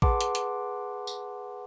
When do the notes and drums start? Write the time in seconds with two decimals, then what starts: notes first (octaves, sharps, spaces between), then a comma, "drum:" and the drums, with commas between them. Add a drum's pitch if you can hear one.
0.02 G#4 B4 F#5 A5 C6 D6, drum: kick A1
0.21 drum: hi-hat
0.35 drum: hi-hat
1.07 drum: tambourine